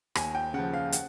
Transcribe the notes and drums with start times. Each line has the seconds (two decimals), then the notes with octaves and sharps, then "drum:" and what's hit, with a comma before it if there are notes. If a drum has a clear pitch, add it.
0.15 D#2 G#5, drum: rim click
0.35 G5
0.54 C#3 F3 F#5
0.73 F5
0.92 F#5, drum: hi-hat